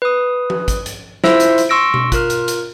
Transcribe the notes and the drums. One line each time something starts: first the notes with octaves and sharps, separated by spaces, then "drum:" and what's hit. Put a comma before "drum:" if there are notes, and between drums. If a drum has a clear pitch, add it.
B4 D#6
drum: tom F3
drum: kick, hi-hat
drum: hi-hat
E4 F4 C5 E5 E6, drum: snare
drum: hi-hat
drum: hi-hat
C6 C#6 E6 A#6 D7
drum: tom B2
F4 A#4 F6, drum: kick, hi-hat
drum: hi-hat
drum: hi-hat